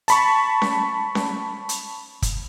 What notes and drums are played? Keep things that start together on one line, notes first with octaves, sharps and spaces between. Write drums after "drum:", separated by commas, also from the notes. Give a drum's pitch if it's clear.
A5 B5 C#6, drum: hi-hat
drum: snare C#4
drum: snare C#4
drum: hi-hat
drum: kick, hi-hat